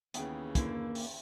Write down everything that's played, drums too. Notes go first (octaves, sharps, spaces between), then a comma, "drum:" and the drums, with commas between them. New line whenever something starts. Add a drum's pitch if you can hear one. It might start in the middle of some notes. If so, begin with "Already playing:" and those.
D#2 C#3 E3 B3 G#4 G5, drum: hi-hat
D3 A#3 E4, drum: kick, hi-hat
drum: open hi-hat